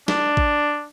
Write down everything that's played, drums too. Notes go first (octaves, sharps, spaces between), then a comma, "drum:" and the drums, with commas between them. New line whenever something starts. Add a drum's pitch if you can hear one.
D4, drum: snare
drum: kick A1